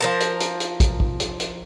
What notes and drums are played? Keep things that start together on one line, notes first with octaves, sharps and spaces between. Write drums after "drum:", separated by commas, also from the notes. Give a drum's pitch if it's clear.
F3 A#4 A5
drum: hi-hat
drum: hi-hat
drum: hi-hat
drum: kick, hi-hat
drum: kick
drum: hi-hat
drum: hi-hat